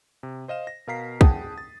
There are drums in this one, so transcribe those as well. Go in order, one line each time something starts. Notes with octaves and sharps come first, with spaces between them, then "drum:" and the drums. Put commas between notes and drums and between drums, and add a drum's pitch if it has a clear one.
C3
C5 D#5 F5 E7
A#6
B2 A#4 F5 A#5 B6 C7
G#4 F#5 G5 A5 D#6, drum: kick
A6